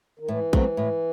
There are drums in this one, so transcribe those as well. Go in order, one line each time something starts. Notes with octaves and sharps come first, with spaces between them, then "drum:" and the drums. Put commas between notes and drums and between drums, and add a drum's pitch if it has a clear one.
D#3
A2 E3
F#3 A3 C4, drum: kick
A2